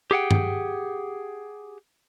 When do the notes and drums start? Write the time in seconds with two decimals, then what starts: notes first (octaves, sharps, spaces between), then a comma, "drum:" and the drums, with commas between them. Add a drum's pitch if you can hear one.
0.11 G4 G#4 F#5 G5
0.31 drum: tom G2